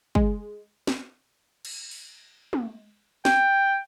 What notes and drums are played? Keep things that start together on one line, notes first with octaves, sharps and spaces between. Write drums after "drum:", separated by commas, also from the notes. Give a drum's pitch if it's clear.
G#3, drum: kick
drum: snare
drum: cymbal
drum: open hi-hat
drum: tom
G5, drum: snare